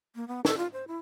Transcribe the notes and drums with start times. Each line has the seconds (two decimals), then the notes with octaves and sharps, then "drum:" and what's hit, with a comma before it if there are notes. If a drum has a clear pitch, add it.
0.15 A#3
0.28 B3
0.45 A4, drum: snare
0.58 F4
0.73 C5
0.88 E4